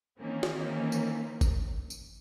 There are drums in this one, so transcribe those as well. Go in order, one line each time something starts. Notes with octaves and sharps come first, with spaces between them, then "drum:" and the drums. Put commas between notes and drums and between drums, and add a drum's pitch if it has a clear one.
D#3 E3 A#3 C4 C#4
drum: snare
drum: tambourine
drum: kick G1, tambourine
drum: tambourine